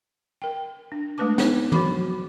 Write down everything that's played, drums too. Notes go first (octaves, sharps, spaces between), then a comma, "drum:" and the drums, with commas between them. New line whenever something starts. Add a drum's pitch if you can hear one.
A#4 G5
D4
G#3 A3 D4 B4 A5 D6
B3 D#4, drum: snare
F3 F#3 F#4 A#4 B5 D6, drum: tom